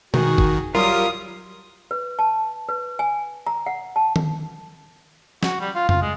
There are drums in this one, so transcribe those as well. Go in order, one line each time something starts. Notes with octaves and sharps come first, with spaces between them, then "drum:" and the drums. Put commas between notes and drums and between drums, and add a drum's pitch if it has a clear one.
D#3 F#4 G#4, drum: tom B2
drum: kick
F#3 G3 F4 A#4 D#6
B4
A5
B4
G#5
A#5
F#5
A5
drum: tom D#3
F#4, drum: snare
G3
F4
F4, drum: tom F2
G#3